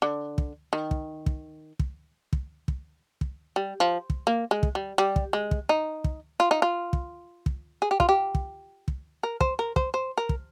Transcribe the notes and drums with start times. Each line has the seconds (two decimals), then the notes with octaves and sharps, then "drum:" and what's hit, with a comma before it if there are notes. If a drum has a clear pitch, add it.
0.02 D3
0.38 drum: kick
0.73 D#3
0.91 drum: kick
1.26 drum: kick
1.79 drum: kick
2.33 drum: kick
2.68 drum: kick
3.21 drum: kick
3.56 G3
3.80 F3
4.10 drum: kick
4.27 A#3
4.51 G#3
4.63 drum: kick
4.75 G3
4.98 G3
5.16 drum: kick
5.33 G#3
5.51 drum: kick
5.69 D#4
6.04 drum: kick
6.40 F4
6.51 D#4
6.62 F4
6.93 drum: kick
7.46 drum: kick
7.82 G#4
7.91 G4
8.00 F4, drum: kick
8.09 G4
8.35 drum: kick
8.88 drum: kick
9.23 A#4
9.41 C5, drum: kick
9.59 A#4
9.76 C5, drum: kick
9.94 C5
10.18 A#4
10.29 drum: kick